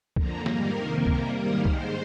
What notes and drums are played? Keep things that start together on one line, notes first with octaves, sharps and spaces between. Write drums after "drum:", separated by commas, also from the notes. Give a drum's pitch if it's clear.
F2 D3 F3 A#3 A#4, drum: kick
G#2 D#3 G3 A#3 A#4, drum: snare
F2 C3 D#3 A#3
C3 G3 A#3 A#4, drum: kick
G#2 D#3 G3 A#3 A#4
G#2 D#3 G#3 C5, drum: kick